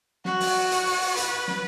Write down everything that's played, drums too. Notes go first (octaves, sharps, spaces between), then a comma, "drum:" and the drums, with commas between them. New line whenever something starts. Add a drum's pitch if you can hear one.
F#4, drum: snare
drum: open hi-hat
drum: hi-hat
drum: open hi-hat
drum: open hi-hat
B4, drum: hi-hat
drum: snare